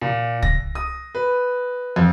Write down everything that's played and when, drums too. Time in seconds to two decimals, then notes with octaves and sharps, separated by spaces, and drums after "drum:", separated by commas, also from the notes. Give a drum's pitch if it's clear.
0.01 A#2
0.42 A#6, drum: kick
0.75 D#6
1.15 B4
1.96 F2